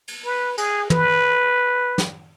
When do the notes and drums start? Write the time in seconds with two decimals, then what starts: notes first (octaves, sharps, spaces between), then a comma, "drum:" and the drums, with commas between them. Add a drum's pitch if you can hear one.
0.08 drum: cymbal
0.25 B4
0.58 G#4, drum: cymbal
0.90 B4, drum: tom
1.98 drum: snare